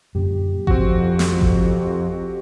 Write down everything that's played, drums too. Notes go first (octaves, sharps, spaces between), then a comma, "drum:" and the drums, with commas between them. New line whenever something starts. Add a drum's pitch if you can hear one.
F#2 A#2 D3 G4
F2 F3 C4 F#4, drum: kick G#1
drum: snare
drum: kick G#1